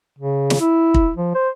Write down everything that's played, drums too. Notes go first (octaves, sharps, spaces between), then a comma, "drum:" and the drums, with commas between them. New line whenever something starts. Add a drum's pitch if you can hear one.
C#3
drum: snare
E4
drum: kick
F3
C5